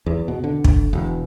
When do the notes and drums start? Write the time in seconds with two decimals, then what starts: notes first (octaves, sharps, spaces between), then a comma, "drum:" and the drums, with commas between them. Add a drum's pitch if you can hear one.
0.06 E2
0.28 B2
0.44 D3
0.64 drum: kick
0.93 E1